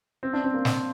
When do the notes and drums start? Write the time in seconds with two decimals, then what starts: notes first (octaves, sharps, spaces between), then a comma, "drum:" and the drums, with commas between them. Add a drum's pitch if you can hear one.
0.23 C4
0.33 D4
0.44 C4
0.54 A#3
0.65 drum: snare